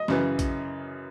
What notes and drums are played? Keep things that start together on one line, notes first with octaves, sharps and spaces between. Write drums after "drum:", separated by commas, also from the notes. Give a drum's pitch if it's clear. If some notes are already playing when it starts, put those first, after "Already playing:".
Already playing: D#5
F#2 C#3 E3, drum: snare
drum: kick A#1, hi-hat